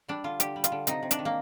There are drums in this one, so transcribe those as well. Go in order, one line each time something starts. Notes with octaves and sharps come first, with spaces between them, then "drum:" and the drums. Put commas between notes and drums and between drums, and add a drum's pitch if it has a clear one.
G3 D4
D3 F4
D3 G4, drum: hi-hat
G3
F4, drum: hi-hat
D3
C3 D#4, drum: hi-hat
C3
D4, drum: hi-hat
D#3
A#3